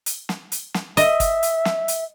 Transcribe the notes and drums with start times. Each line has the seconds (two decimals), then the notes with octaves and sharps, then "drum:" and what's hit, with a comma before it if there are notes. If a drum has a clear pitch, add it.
0.06 drum: hi-hat
0.29 drum: snare
0.52 drum: hi-hat
0.74 drum: snare
0.97 D#5 E5, drum: hi-hat
1.20 drum: kick, hi-hat
1.43 drum: hi-hat
1.65 drum: snare
1.88 drum: hi-hat